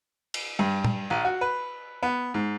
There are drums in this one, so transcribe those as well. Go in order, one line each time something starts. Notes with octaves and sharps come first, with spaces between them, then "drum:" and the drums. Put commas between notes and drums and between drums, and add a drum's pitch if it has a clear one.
drum: cymbal
G2
drum: tom
A#1
F#4
B4
B3
G#2